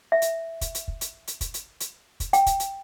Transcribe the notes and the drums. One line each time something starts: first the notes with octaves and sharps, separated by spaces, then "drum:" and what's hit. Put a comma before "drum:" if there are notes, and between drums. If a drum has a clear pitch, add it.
E5
drum: hi-hat
drum: kick, hi-hat
drum: hi-hat
drum: kick
drum: hi-hat
drum: hi-hat
drum: kick, hi-hat
drum: hi-hat
drum: hi-hat
drum: kick, hi-hat
G5, drum: hi-hat
drum: kick, hi-hat
drum: hi-hat